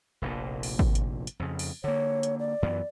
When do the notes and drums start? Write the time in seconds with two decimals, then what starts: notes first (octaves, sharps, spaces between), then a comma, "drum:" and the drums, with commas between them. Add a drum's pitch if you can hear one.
0.22 F1 A#1 A#2
0.63 drum: open hi-hat
0.79 drum: kick G#1
0.95 drum: hi-hat
1.27 drum: hi-hat
1.40 F2 C#3
1.59 drum: open hi-hat
1.84 D3 A#3 C#5
2.23 drum: hi-hat
2.39 D5
2.62 F#2 E3 B3